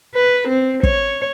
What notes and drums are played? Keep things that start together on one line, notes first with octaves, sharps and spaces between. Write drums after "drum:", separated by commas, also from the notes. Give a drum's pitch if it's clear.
B4
C4
C#5, drum: kick